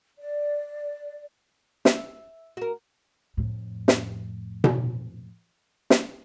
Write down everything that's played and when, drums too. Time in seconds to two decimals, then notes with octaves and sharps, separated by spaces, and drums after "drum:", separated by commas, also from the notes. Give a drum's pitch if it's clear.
0.19 D5
1.85 E5, drum: snare
2.57 F#4 A#4
3.37 F2 A2
3.88 drum: snare
4.64 drum: tom B2
5.90 drum: snare